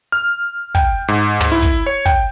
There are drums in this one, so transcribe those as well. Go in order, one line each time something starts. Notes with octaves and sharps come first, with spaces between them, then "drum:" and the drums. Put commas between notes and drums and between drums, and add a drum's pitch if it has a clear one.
F6
G5, drum: kick
G#2
drum: tom
E4
drum: kick
C#5
G5, drum: kick